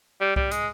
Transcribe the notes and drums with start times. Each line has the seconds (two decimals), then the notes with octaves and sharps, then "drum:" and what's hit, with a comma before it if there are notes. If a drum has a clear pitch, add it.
0.21 G3
0.36 G3, drum: kick C2
0.51 G#3, drum: hi-hat